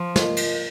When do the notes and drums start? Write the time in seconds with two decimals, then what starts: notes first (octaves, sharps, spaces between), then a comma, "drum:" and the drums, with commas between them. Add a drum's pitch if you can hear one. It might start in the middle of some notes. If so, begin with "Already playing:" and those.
Already playing: F3
0.16 F4 A#4 D#5, drum: snare
0.37 drum: cymbal